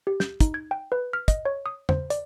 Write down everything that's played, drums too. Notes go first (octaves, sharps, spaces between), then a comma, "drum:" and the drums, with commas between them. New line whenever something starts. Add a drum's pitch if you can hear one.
G4
G6, drum: snare
D#4, drum: kick, hi-hat
G#6
G5
B4
F6
D#5, drum: kick, hi-hat
C#5
D#6
C5, drum: tom E2
D5, drum: hi-hat